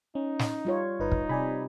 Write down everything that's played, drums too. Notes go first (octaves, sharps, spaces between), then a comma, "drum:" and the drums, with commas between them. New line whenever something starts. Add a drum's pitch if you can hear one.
C#4 D#4
drum: snare
G3 F4 C#5
G1 D#4 B4
drum: kick
C3 D5 G#5 B5